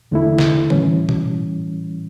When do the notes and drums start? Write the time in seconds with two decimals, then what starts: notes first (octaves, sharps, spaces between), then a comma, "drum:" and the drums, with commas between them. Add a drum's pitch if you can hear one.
0.11 E2 D3 A3 E4
0.38 drum: snare
0.70 A2 E3 G3 C#4, drum: tom D3
1.09 drum: tom B2